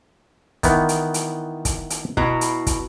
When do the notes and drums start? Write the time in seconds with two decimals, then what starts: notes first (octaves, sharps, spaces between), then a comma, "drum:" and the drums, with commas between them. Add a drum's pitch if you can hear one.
0.63 D#3 E3 B3, drum: kick, hi-hat
0.89 drum: hi-hat
1.14 drum: hi-hat
1.65 drum: kick, hi-hat
1.90 drum: hi-hat
2.17 B2 E4 A#5, drum: kick
2.41 drum: hi-hat
2.67 drum: kick, hi-hat